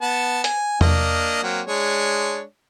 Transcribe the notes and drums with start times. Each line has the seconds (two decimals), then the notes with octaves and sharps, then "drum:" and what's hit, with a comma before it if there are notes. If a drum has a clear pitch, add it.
0.01 B3 A5
0.44 G#5, drum: hi-hat
0.81 A#3 D4 D#5, drum: tom E2
1.43 F#3 A#3 C4
1.66 G#3 D4 C#5